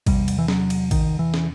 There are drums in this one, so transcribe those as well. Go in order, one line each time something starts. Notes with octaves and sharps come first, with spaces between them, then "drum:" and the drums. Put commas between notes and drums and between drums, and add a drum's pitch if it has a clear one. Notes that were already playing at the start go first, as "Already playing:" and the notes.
E2 C3 G3, drum: kick, cymbal
drum: cymbal
E3
F#3, drum: snare
drum: cymbal
D#3, drum: kick, cymbal
E3
drum: snare